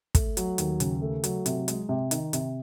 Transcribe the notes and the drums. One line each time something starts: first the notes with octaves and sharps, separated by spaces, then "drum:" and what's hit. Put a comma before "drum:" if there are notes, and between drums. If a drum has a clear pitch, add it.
A3, drum: kick, hi-hat
F#3, drum: hi-hat
D#2, drum: hi-hat
C#3, drum: hi-hat
A3
F#3, drum: hi-hat
C3, drum: hi-hat
G#3, drum: hi-hat
C3
D#3, drum: hi-hat
C3, drum: hi-hat